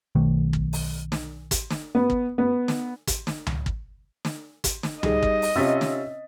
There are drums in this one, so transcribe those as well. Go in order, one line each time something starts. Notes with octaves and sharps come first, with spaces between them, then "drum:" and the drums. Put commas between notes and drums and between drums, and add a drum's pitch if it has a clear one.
B1 D#3 A3
drum: kick
drum: open hi-hat
drum: snare
drum: kick, hi-hat
drum: snare
B3
drum: kick
B3
drum: snare
drum: kick, hi-hat
drum: snare
drum: tom C#2
drum: kick
drum: snare
drum: kick, hi-hat
drum: snare
G3 D#4 G#4 D#5, drum: tom C#2
drum: kick
drum: open hi-hat
C3 C#4 F4 E6 A6 B6
drum: snare